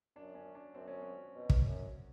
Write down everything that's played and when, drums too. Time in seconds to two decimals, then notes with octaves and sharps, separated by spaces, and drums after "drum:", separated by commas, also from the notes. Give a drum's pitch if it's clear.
0.16 F#2 D4
0.35 C#4
0.55 D4
0.74 F#2 C4
0.87 C#4
1.01 C4
1.34 B2
1.50 drum: kick
1.65 F#2